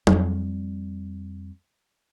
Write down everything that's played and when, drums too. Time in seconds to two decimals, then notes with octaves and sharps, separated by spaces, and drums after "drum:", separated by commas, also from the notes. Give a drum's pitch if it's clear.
0.07 F2 G3, drum: tom F#3